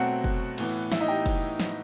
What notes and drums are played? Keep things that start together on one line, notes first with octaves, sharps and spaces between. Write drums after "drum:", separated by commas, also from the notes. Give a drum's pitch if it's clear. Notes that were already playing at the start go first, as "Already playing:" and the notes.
Already playing: B2 F#3 A3 C4 F#4 F#5
drum: kick
A2 E3 B3, drum: cymbal
E4 E5, drum: snare
D#4 D#5
G4 G5
drum: kick, cymbal
drum: snare